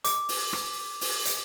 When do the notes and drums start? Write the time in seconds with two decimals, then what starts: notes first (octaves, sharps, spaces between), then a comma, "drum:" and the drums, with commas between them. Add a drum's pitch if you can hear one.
0.04 D6, drum: hi-hat
0.29 drum: open hi-hat
0.53 drum: rim click
1.01 drum: open hi-hat
1.25 drum: hi-hat